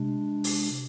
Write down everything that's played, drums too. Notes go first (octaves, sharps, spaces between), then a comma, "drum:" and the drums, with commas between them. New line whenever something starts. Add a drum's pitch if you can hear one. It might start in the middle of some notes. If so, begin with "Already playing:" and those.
Already playing: C3 G#3 D4
drum: open hi-hat